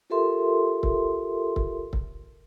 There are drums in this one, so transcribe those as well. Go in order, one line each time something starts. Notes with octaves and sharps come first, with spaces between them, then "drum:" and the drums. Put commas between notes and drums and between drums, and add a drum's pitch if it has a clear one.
F4 G4 A4 A#4 E5 C6
drum: kick
drum: kick
drum: kick